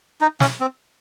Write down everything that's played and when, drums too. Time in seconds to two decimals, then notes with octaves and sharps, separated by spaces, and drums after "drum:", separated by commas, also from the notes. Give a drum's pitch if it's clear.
0.21 D#4
0.40 C#4, drum: snare
0.60 C4